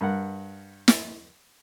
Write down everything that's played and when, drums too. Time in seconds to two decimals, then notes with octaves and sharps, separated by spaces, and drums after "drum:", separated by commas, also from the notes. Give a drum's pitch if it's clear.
0.01 G2 A#4 F#5
0.88 drum: snare